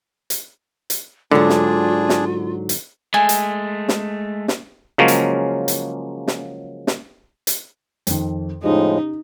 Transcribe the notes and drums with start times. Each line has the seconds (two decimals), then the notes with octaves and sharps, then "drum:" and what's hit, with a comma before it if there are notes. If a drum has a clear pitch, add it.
0.30 drum: hi-hat
0.90 drum: hi-hat
1.31 G#2 D3 F#3 D4 F4 G#4
1.50 drum: snare
2.09 drum: snare
2.69 drum: hi-hat
3.14 G#3 A3 G#5
3.29 drum: hi-hat
3.89 drum: snare
4.48 drum: snare
4.98 C#3 F3 F#3 G#3 A#3 C#4
5.08 drum: hi-hat
5.68 drum: hi-hat
6.28 drum: snare
6.87 drum: snare
7.47 drum: hi-hat
8.07 F2 D#3, drum: hi-hat
8.63 A2 C#3 F3 G#3 D#4 G4